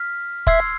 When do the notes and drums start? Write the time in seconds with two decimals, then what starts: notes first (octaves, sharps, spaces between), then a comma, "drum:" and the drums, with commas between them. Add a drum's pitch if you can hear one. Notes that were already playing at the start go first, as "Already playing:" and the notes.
Already playing: F6 B6
0.47 E5 C6 E6 G#6 C7, drum: kick